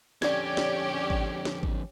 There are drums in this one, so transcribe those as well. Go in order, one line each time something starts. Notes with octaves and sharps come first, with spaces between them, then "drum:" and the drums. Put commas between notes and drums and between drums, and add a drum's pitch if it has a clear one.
F2 D3 C#4 G4 D5 G#6, drum: snare
drum: snare
drum: kick G#1
drum: snare
drum: kick G#1